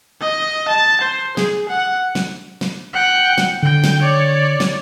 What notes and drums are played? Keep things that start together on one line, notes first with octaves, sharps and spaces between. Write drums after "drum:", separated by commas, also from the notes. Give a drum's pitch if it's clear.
D#5
A5
C5
G#4, drum: snare
F#5
drum: snare
drum: snare
F#5 G5
drum: snare
D3 G5
drum: snare
C#5 D5
drum: snare